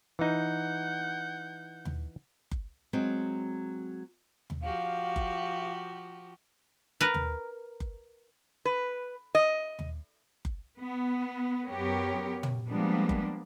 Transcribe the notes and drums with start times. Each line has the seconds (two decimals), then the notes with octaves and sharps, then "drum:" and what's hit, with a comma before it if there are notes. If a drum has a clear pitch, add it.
0.19 E3 D#4 F#5 G6
1.85 drum: tom D#2
2.51 drum: kick F#1
2.93 F#3 G#3 C4
4.50 drum: tom D#2
4.62 F3 F#4 G4 F5
5.16 drum: kick F#1
7.01 A#4 B4
7.14 drum: tom D#2
7.80 drum: kick F#1
8.65 B4
9.35 D#5
9.79 drum: tom D#2
10.45 drum: kick F#1
10.77 B3
11.66 F#2 B3 G4 A#4 C#5
12.43 drum: tom
12.68 F3 G3 G#3 A#3 B3 D4
13.09 drum: kick F#1